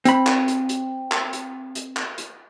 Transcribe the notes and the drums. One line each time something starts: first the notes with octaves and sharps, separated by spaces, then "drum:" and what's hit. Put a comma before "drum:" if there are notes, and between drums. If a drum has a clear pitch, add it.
C4 B5, drum: hi-hat
drum: clap
drum: hi-hat
drum: hi-hat
drum: clap
drum: hi-hat
drum: hi-hat
drum: clap
drum: hi-hat